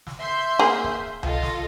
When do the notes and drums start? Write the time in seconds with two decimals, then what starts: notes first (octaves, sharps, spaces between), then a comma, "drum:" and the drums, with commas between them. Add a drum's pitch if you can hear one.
0.07 drum: snare
0.19 E5 C6 G6
0.59 A#3 G#4
0.84 drum: kick
1.23 F4 A4 D#5, drum: tom C2
1.42 drum: snare